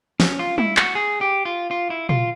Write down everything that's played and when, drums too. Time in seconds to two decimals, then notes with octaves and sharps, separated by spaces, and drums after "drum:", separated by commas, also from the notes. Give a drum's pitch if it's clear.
0.20 C#4, drum: snare
0.39 F4
0.58 E4, drum: tom G3
0.77 F#4, drum: clap
0.95 G#4
1.21 G4
1.45 F4
1.71 F4
1.90 E4
2.09 F4, drum: tom A#2